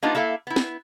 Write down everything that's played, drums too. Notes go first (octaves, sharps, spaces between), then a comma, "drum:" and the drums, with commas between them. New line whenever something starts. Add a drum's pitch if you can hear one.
A#3 B3 D4 D#4 F4 G4
A#3 E4 A4 E5 F5
B3 E4
drum: snare